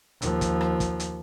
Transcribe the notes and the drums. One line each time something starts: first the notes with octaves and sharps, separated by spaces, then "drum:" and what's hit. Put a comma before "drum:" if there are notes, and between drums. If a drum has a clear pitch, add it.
D#2 F3, drum: hi-hat
drum: kick, hi-hat
drum: rim click
drum: kick, hi-hat
drum: hi-hat